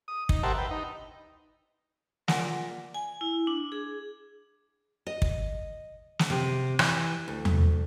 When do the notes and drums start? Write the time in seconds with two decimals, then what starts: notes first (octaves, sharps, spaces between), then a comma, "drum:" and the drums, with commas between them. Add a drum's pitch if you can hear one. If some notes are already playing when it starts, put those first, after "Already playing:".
0.08 D#6
0.29 D#4, drum: kick
0.43 G4 A#4 C5 E5 F#5 A5
0.58 B4 G5
0.71 D#4
2.28 A#2 F#5 G#5, drum: snare
2.94 G#5
3.21 E4
3.47 D4
3.72 G#4
5.07 D#5
5.22 drum: kick
6.19 drum: snare
6.30 C3
6.79 E3, drum: rim click
7.28 D2
7.45 drum: tom E2